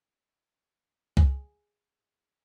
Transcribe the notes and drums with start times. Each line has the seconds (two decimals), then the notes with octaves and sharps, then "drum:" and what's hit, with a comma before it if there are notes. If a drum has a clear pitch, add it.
1.17 G#4, drum: kick